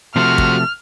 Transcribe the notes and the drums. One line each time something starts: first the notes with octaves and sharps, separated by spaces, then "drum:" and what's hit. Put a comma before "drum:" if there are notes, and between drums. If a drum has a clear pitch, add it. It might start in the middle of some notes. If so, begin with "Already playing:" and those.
C3 F3 A3 F#4 C5 F6
drum: kick